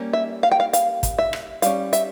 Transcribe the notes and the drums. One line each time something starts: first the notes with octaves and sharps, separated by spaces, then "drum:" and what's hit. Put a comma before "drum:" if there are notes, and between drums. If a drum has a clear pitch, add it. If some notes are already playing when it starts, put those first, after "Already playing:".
Already playing: G3 A#3 C#4
E5
F5
G5
F5
F5, drum: hi-hat
drum: kick, hi-hat
E5
drum: rim click
G3 C#4 F5, drum: hi-hat
E5, drum: hi-hat